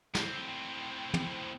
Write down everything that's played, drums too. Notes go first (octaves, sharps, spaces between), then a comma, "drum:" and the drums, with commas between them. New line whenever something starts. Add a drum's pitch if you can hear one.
A2 C4, drum: snare
drum: tom